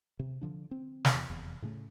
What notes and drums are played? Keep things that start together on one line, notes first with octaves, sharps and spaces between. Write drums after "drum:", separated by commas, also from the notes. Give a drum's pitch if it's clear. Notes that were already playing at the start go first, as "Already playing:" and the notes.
C3
D3 F3 D4
C4
drum: snare
E2
F1 E2
A2 C#3 A3